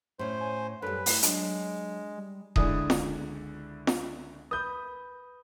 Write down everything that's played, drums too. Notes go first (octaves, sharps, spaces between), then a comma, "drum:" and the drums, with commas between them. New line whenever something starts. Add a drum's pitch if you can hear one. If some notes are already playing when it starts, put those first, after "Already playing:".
A2 C#4 C5
G#5
F#2 G3 A4 B4
A3 E4 A#4, drum: open hi-hat
F#3 G#3 D4, drum: hi-hat
G3
C#2 D3 E4 G#5 D#6, drum: kick D#1
drum: snare
drum: snare
B4 D#6 G6